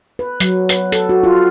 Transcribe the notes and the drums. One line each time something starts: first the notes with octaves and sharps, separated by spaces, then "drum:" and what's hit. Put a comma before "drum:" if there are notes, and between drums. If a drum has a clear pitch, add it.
B4
F#3, drum: hi-hat
B4, drum: hi-hat
A4, drum: hi-hat
F#4
F4